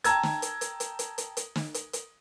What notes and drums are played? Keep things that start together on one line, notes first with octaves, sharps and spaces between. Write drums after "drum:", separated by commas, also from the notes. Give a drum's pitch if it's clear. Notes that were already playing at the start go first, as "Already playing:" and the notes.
G5 A5 A#5 E6 G#6, drum: hi-hat
drum: snare
drum: hi-hat
drum: hi-hat
drum: hi-hat
drum: hi-hat
drum: hi-hat
drum: hi-hat
drum: snare
drum: hi-hat
drum: hi-hat